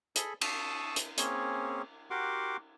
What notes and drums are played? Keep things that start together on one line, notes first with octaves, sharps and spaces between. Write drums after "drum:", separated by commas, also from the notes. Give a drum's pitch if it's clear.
G#4 A4 B5, drum: hi-hat
A5 C#6 D#6 E6, drum: cymbal
drum: hi-hat
A#3 C4 C#4 G#4 C#5, drum: hi-hat
F#4 G4 A#4 F#5 C6 D6